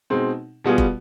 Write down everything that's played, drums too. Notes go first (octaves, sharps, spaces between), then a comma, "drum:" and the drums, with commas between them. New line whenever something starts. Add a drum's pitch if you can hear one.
B2 G#3 C4 D#4
B2 G3 B3 F4 G#4
drum: kick